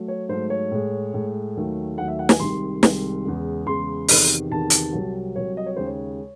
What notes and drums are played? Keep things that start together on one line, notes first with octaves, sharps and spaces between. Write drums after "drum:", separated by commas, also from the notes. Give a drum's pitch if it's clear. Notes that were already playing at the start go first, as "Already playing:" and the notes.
Already playing: F#3 A3
C#5
G#2 F#3 A3 C5
C#5
A2 G#3
A2 G#3
D#2 D#3 F#3 A3
D#2 D#3 F#3 A3 F#5
E5
F#5
G#5, drum: snare
C2 C3 D#3 G#3 C6
C2 C3 D#3 G#3, drum: snare
E2 C#3 G#3
E2 C#3 G#3 C6
E2 C3 D#3, drum: open hi-hat
E2 C3 D#3 A5
drum: hi-hat
C2 C3 F#3
C2 C3 F#3 C#5
D#5
C#5
D#2 C#3 G#3 C5
C#5